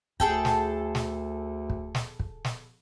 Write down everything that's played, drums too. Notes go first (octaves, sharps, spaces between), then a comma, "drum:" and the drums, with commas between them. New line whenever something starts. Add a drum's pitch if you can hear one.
D2 G#4 A4 G5, drum: kick
drum: snare
drum: snare
drum: kick
drum: snare
drum: kick
drum: snare